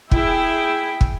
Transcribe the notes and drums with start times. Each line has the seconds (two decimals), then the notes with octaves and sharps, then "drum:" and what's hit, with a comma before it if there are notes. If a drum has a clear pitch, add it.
0.11 E4 G#4 E5 G5, drum: kick
1.01 drum: kick